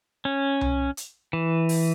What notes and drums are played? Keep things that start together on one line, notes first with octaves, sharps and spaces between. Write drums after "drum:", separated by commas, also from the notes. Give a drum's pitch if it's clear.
C#4
drum: tom C2
drum: hi-hat
E3
drum: open hi-hat